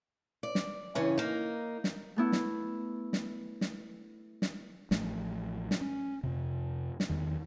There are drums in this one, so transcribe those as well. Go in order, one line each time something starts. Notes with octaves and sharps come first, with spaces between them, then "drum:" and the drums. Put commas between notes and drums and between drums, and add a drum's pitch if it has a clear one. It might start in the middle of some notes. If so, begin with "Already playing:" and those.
D5
drum: snare
G2 C#3 E3 C#4
A#3 D#4
drum: snare
A3 B3 E4
drum: snare
drum: snare
drum: snare
drum: snare
A1 F3 A3, drum: snare
drum: snare
C#4
F2 C3
drum: snare
E2 D#3